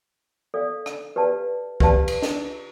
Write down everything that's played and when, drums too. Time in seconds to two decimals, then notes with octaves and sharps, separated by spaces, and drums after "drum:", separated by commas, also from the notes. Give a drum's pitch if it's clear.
0.54 A4 D5 F5
0.86 drum: rim click
1.16 G4 B4 D5 F5 A5
1.80 G4 B4 D5 F5 A5, drum: kick C2
2.08 drum: cymbal
2.22 drum: snare